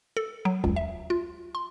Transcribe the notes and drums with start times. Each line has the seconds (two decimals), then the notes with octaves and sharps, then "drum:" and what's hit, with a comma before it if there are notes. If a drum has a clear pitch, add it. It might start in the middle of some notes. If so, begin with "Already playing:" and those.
0.17 A4
0.45 F#3
0.64 C#2, drum: kick E2
0.76 E5
1.10 F4
1.55 C6